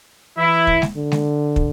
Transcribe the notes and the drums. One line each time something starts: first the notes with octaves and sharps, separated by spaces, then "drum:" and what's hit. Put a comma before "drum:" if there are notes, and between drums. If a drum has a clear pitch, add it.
E3 E4
drum: kick
drum: snare
D3
drum: snare
drum: kick